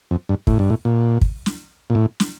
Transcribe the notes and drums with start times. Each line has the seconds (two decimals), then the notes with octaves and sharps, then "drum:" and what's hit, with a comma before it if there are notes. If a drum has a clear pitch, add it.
0.11 F2
0.29 G2
0.47 A2, drum: kick
0.59 G2
0.70 A2
0.85 A#2
1.21 drum: kick
1.46 drum: snare
1.90 A#2
1.95 A2
2.20 drum: snare